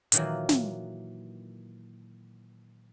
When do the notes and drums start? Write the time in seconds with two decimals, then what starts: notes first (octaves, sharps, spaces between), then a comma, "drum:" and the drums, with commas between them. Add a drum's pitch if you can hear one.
0.12 A#2 D#3 E3 F#3 A#3, drum: hi-hat
0.49 drum: snare